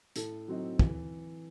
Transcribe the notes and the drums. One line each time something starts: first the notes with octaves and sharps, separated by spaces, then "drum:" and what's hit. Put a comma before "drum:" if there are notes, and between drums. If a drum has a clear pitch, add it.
A2 A4, drum: hi-hat
F#3 C4 D#4
E3, drum: kick